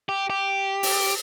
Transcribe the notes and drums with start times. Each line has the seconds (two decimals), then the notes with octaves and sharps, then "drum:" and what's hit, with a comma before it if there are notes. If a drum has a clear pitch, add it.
0.09 G4
0.30 G4
0.83 drum: open hi-hat